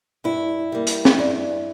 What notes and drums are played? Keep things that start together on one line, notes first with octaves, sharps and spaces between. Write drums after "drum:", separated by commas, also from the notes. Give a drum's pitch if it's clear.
G2 E4
G3 A#3
drum: hi-hat
drum: snare
G2